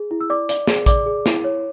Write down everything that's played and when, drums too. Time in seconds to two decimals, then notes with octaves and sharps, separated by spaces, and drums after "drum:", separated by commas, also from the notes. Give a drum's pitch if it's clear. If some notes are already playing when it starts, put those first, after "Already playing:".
Already playing: G#4
0.11 E4
0.21 E6
0.30 D5 D6
0.49 D5, drum: hi-hat
0.67 G#4, drum: snare
0.86 D5 D6, drum: kick A1, hi-hat
1.06 G#4
1.26 E4, drum: snare
1.44 C#5